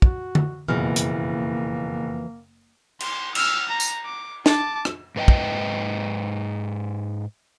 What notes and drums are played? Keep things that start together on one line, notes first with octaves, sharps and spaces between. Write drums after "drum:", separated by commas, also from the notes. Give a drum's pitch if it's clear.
F#4, drum: kick
drum: tom D3
F#1 F2 B2 E3 A#3 F6
drum: hi-hat
C6, drum: cymbal
E6 F6, drum: cymbal
A#5
drum: tambourine
D6
A5 D6, drum: snare
drum: rim click
G#2 B4 D#5 G5
drum: kick